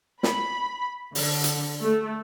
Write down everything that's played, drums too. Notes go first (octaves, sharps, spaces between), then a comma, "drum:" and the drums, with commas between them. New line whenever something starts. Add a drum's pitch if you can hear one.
B5, drum: snare
D3, drum: open hi-hat
drum: hi-hat
A3